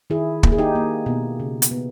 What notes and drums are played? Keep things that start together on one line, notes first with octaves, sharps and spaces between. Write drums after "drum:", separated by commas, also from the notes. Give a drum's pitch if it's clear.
D#3 E4 G#4
A#3, drum: kick
G#4
D#4 G4
A#3
B2
C#3
drum: hi-hat
B3